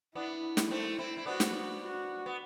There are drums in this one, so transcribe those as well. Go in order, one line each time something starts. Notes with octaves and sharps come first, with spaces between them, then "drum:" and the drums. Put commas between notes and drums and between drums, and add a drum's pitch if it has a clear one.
B3 D4 E4
drum: snare
A3 C4
C4 E4
E4
B3 D4 F#4
drum: snare
F#4
B3